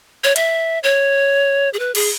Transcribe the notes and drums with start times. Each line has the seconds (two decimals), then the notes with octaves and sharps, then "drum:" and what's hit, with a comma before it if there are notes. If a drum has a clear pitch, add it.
0.24 C#5
0.36 E5, drum: hi-hat
0.83 C#5
1.73 G#4
1.79 B4
1.95 G#4, drum: cymbal